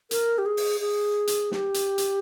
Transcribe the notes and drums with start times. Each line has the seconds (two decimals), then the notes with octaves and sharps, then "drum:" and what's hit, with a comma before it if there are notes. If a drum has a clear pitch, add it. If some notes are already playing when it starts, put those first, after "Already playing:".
0.11 A#4, drum: hi-hat
0.38 G4
0.46 G#4
0.57 drum: open hi-hat
0.80 G#4
1.27 drum: hi-hat
1.52 G4, drum: snare
1.74 drum: hi-hat
1.98 drum: hi-hat